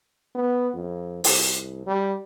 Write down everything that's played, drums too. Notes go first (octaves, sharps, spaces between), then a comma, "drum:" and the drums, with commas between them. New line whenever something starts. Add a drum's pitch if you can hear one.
B3
F2
C2, drum: open hi-hat
G3